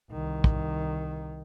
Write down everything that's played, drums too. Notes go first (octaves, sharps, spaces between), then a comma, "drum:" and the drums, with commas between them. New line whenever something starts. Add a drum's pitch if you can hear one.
C2 D#3
drum: kick